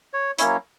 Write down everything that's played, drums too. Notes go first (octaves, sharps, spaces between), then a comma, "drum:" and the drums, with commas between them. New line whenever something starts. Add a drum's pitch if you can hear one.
C#5
F#3 A#3 C#4 E4 C#5, drum: hi-hat